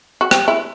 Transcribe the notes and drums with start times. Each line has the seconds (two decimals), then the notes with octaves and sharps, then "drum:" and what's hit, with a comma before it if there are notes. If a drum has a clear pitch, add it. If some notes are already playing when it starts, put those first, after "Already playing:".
0.21 F#4
0.31 G4, drum: rim click
0.48 E4